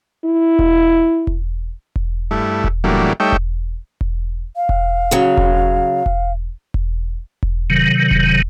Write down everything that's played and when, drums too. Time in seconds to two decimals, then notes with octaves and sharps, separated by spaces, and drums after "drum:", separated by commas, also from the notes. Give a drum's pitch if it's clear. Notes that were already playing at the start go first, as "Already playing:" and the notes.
0.25 E4
0.59 drum: kick E1
1.27 drum: kick E1
1.96 drum: kick E1
2.31 G2 A3 E4
2.64 drum: kick E1
2.84 A2 E3 F#3 G3 A#3 D4
3.20 G3 A3 D#4 C#5 E5 G5
3.32 drum: kick E1
4.01 drum: kick E1
4.56 F5
4.69 drum: kick E1
5.11 C#3 F#3
5.37 drum: kick E1
6.06 drum: kick E1
6.74 drum: kick E1
7.43 drum: kick E1
7.70 C3 D#3 F#3
8.11 drum: kick E1